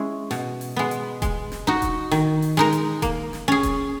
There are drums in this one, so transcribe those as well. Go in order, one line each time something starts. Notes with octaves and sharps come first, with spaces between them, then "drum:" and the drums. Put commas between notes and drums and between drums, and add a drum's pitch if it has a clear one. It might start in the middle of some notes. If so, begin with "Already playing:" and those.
Already playing: G#3 C#4 E4
B2, drum: snare
drum: open hi-hat
G#3 B3
drum: hi-hat
G#3, drum: kick D#1, hi-hat
drum: snare
D#4 F#4
drum: kick D#1, hi-hat
D#3, drum: snare
drum: open hi-hat
G#3 D#4 A#4
drum: hi-hat
A#3, drum: kick D#1, hi-hat
drum: snare
C#4 G#4
drum: kick D#1, hi-hat